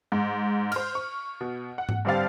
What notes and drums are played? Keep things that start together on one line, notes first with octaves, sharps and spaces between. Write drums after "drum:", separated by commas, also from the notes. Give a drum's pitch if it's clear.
G#2
C5 F6, drum: cymbal
C#6
B2
F#5
drum: tom G#2
G2 D3 C4 G4 F5 A6